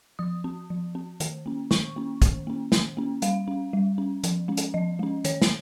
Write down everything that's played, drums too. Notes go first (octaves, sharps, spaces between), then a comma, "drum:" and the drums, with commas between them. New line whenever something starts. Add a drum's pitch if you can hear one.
F3 D#6
C4
F3
C4
D#3, drum: hi-hat
A#3 C#4
D#3 C#6, drum: snare
A#3 C#4
D#3, drum: kick, hi-hat
A#3 C#4
D#3, drum: snare
A#3 C#4
G3 F5, drum: hi-hat
C#4
G3
C#4
F3, drum: hi-hat
G#3 C#4
drum: hi-hat
F3 D#5
G#3 C#4
D#3 C#5, drum: hi-hat
drum: snare